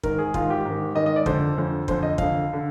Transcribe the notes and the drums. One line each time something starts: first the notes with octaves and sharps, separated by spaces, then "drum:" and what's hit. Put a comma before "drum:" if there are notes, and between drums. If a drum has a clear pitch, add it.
G#2 D#3 A#4, drum: kick
G#4
G#2 D#3 F4, drum: kick
G4
G#2 D#3
G#2 D#3 D#5
D#5
D5
F2 D3 C5, drum: kick
F2 D3
F2 D3 C5, drum: kick
D#5
F2 D3 F5, drum: kick
D3